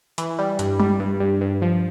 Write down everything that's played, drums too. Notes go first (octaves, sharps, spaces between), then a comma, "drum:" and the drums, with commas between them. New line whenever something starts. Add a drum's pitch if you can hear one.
E3, drum: hi-hat
G3
G2, drum: hi-hat
G3, drum: tom G3
G2
G2
G2
F3